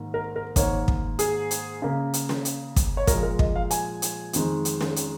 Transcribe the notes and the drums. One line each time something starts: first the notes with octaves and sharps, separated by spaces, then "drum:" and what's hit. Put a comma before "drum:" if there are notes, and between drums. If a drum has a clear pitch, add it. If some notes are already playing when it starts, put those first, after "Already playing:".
Already playing: G#2 D#3 A#3
A#4
A#4
G#2 D#3 A#3 C#5, drum: kick, hi-hat
drum: kick
G#4, drum: hi-hat
drum: hi-hat
C#3 A#3
drum: hi-hat
drum: snare
drum: hi-hat
drum: kick, hi-hat
C#5
A#2 F3 G#3 A#4, drum: kick, hi-hat
A#4
D#5, drum: kick
F5
G#5, drum: hi-hat
drum: hi-hat
F2 D#3 G#3, drum: hi-hat
drum: hi-hat
drum: snare
drum: hi-hat